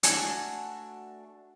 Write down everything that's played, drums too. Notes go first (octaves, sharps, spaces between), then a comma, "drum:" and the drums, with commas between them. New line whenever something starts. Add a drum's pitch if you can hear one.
A3 D4 F#4 G#5, drum: hi-hat